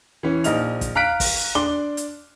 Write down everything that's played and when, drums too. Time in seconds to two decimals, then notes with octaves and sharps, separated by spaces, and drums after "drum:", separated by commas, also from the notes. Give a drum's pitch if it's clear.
0.23 E3 C#4
0.44 A#1 D#4 D#5 F6 F7, drum: hi-hat
0.81 drum: kick, hi-hat
0.95 F5 A#5 F6 F#6 B6 D7
1.20 drum: kick, open hi-hat
1.55 D4 C6 D6 G7
1.97 drum: hi-hat